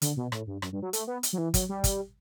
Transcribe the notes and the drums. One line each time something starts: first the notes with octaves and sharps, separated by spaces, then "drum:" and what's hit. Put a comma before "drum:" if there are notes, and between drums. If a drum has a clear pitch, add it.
D3, drum: hi-hat
B2
A2, drum: rim click
G2
F#2, drum: rim click
G2
F#3
A3, drum: hi-hat
B3
drum: hi-hat
F#3
E3
F#3, drum: kick, hi-hat
G3
drum: kick, hi-hat